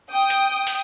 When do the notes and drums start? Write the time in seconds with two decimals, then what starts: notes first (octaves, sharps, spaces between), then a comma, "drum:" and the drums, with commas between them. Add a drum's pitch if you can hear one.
0.12 G5 D#6
0.30 drum: hi-hat
0.67 drum: open hi-hat